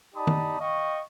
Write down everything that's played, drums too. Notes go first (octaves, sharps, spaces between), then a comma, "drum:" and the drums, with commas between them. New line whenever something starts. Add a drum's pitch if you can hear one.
D#4 G4 D5 A5 B5 D#6
drum: tom D#3
D#5 F5 G5 C#6